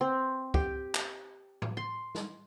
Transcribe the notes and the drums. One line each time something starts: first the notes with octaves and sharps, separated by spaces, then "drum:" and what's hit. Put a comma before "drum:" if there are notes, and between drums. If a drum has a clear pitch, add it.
C4
G4, drum: kick
drum: clap
drum: tom A2
C6
drum: snare